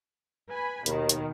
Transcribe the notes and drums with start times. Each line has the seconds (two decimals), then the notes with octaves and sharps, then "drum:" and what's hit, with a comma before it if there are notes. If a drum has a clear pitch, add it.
0.49 B4 G#5 B5
0.86 D#2 B2 D#3, drum: hi-hat
1.09 drum: hi-hat